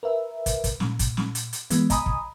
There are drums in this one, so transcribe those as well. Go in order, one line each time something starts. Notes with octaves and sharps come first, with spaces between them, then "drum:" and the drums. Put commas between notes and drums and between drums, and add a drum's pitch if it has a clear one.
A#4 B4 E5
drum: kick, hi-hat
drum: kick, hi-hat
A#2, drum: snare
drum: kick, hi-hat
drum: snare
drum: hi-hat
drum: hi-hat
E3 G#3 B3, drum: hi-hat
D#5 G#5 A#5 B5 D#6, drum: kick, hi-hat
drum: kick